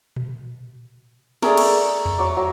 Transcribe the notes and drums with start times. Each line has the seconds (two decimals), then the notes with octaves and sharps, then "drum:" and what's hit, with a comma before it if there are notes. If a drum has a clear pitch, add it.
0.16 drum: tom A#2
1.42 A3 G#4 A#4 D5, drum: snare
1.58 A3, drum: cymbal
2.05 drum: tom E2
2.18 F#3 C#6 D6
2.37 F#3